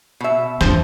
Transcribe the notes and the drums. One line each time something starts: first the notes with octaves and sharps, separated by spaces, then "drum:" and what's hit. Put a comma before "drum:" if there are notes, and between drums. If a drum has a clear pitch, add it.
B2 E5
F2 F3 D4 C5, drum: snare